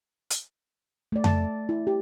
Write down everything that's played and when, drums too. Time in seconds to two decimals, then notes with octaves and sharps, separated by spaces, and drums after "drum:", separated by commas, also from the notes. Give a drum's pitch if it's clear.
0.31 drum: hi-hat
1.12 A3 D5
1.24 A5, drum: tom F2
1.69 E4
1.87 G4